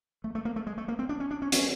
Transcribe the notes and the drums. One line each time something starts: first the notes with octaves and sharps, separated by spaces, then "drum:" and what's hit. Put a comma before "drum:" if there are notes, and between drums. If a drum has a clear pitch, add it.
A3
A3
A#3
A3
G#3
A3
A#3
C4
D4
C#4
D4
C#4
C#4, drum: hi-hat